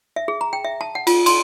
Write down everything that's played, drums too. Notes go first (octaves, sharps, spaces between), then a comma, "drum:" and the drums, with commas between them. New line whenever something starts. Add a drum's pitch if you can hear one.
E5
G#4
A#5
G5
E5
A5
F#5
F4, drum: cymbal
C6, drum: cymbal